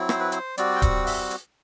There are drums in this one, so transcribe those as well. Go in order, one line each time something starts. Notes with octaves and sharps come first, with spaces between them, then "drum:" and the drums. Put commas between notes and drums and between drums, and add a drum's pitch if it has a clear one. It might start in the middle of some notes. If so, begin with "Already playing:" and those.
Already playing: F#3 C4 E4
C5, drum: rim click
B4
C5, drum: hi-hat
G3 C4 F#4 D5, drum: hi-hat
G5
F#5, drum: kick D1, hi-hat
E5, drum: open hi-hat
drum: hi-hat